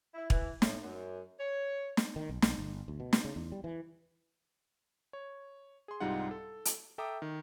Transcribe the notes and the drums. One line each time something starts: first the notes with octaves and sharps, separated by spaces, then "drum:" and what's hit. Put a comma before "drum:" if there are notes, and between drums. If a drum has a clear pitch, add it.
E4
E3, drum: kick
A2, drum: snare
F#2
C#5
drum: snare
D#3
B1
B1, drum: snare
G1
D2
B2
drum: snare
C#3
E2
G3
E3
C#5
G#4 C6
C2 G#2 G3 D#4 F4 F#5
A4
drum: hi-hat
A4 E5 G5 A#5 D6 D#6
D#3